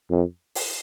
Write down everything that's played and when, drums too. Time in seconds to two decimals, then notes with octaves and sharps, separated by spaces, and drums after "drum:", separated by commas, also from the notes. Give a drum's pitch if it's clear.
0.10 F2
0.55 drum: open hi-hat